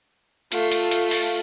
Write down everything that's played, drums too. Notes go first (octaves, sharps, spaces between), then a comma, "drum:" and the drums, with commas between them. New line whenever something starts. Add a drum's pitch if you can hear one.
A3 F4, drum: hi-hat
drum: hi-hat
drum: hi-hat
drum: open hi-hat